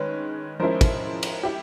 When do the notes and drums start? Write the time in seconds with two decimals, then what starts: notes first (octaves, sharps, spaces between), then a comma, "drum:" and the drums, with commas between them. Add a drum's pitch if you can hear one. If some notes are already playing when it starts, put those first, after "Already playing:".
Already playing: D#3 G#3 C#4 B4 C#5
0.60 F3 G#3 C#4 E4 A#4 C5
0.81 drum: kick, cymbal
1.23 drum: cymbal
1.43 E4 G4